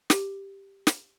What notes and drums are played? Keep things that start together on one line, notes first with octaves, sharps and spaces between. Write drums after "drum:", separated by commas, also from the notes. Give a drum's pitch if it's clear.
G4, drum: snare
drum: snare